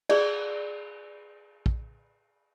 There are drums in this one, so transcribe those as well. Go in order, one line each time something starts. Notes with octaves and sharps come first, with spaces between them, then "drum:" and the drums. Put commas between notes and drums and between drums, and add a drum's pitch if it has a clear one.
G#4 D5, drum: cymbal
drum: kick